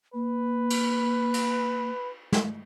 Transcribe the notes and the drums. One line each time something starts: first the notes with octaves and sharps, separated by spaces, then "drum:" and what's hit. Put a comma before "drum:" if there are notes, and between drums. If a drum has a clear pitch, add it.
A#3 B4
drum: cymbal
drum: cymbal
drum: snare